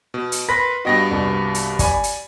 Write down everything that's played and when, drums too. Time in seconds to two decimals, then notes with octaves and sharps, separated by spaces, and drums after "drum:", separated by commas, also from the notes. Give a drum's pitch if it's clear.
0.14 B2
0.32 drum: hi-hat
0.49 A#4 B4 B5 C6 A#6 B6
0.85 G2 B3 F#4 D#5 G5 A#6
1.11 C2
1.55 drum: hi-hat
1.79 D5 G#5 B5, drum: kick, hi-hat
2.04 drum: hi-hat